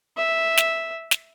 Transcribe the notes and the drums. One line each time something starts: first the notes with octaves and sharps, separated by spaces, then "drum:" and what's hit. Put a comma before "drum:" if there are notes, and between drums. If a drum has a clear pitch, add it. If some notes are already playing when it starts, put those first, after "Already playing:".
E5
drum: snare
drum: snare